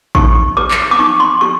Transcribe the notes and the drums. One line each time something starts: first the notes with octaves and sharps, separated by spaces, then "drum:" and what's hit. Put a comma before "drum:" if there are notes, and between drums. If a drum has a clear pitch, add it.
D#4 C#6, drum: kick A1
G4 B4 D6
drum: clap
D6
D#4 C#6
C6
G4 C#6